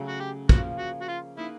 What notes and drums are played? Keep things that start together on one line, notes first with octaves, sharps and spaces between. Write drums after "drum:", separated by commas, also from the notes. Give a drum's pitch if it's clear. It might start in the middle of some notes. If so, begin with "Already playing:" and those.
Already playing: C#3 F#3 A3
F#4
G4
F3 A#3 C#4 F#4, drum: kick
F#4
F#4
F4
A#3 D#4 E4 G#4 B4